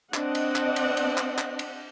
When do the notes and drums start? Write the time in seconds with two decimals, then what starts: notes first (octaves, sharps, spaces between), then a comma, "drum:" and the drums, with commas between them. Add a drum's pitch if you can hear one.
0.14 C4 D4 D#5 F#5, drum: clap
0.35 drum: cymbal
0.56 drum: clap
0.76 drum: cymbal
0.97 drum: cymbal
1.18 drum: clap
1.38 drum: clap
1.59 drum: cymbal